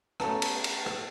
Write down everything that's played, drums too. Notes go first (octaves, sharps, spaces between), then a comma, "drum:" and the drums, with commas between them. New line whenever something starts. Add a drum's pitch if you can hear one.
A3 B3 C#4 A5 A#5, drum: rim click
drum: cymbal
drum: cymbal
drum: rim click